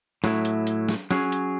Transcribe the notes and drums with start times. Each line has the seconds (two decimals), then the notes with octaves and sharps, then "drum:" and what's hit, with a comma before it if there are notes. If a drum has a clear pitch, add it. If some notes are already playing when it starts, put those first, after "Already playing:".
0.24 A2 F#3 A3 E4, drum: snare
0.45 drum: hi-hat
0.67 drum: hi-hat
0.89 drum: snare
1.11 F#3 C#4 G#4, drum: snare
1.32 drum: hi-hat